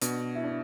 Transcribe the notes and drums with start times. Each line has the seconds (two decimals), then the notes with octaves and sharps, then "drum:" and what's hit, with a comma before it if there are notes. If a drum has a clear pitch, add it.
0.01 B2 D4, drum: hi-hat
0.35 E4
0.44 D4